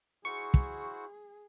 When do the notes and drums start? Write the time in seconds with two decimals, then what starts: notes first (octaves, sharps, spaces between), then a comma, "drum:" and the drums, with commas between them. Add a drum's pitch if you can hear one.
0.25 E4 F#4 G#4 C5 C#6
0.54 drum: kick